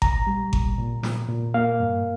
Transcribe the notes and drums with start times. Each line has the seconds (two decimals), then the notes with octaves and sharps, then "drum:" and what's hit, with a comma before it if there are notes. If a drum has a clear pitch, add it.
0.02 A#2 A#5, drum: kick G#1
0.27 G3
0.53 A#2, drum: kick G#1
0.78 A#2
1.03 A#2, drum: snare
1.29 A#2
1.54 A#3 F5
1.80 G2